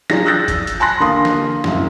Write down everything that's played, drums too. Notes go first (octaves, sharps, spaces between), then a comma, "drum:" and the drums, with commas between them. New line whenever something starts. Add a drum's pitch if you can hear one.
F#3 D4 F4 G#4 A#6, drum: snare
D#6 E6 F#6 G6 A6 A#6
drum: kick, hi-hat
drum: hi-hat
G#5 A5 B5 C6 F#6 A#6
D3 A#3 F5 C6 D#6
drum: snare
F#1 C2, drum: snare